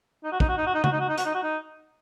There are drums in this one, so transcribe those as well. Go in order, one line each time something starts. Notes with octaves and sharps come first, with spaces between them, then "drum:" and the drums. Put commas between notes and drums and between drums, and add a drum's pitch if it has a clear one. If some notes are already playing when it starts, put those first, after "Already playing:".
D#4
F#4
D#4, drum: kick
F#4
D#4
F#4
D#4
F#4, drum: tom C#3
D#4
F#4
D#4
F#4, drum: hi-hat
D#4
F#4
D#4